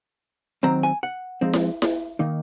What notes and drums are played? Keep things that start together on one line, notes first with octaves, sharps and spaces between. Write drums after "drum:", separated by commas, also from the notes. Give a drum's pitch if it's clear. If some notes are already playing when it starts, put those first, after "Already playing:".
D#3 F#3 C4 A#5
G#5
F#5
F3 G#3 C4 D#4
drum: snare E4
drum: snare E4
D#3 A#3 D#4